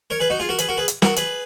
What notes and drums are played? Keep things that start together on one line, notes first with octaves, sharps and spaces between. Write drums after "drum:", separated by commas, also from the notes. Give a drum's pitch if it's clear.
A#4 C#5
G#4 B4
D#4 F#4
F4 G#4
F#4 A#4
G#4 B4, drum: hi-hat
F#4 A#4
G#4 B4
drum: hi-hat
F#4 A#4, drum: snare
G#4 B4, drum: hi-hat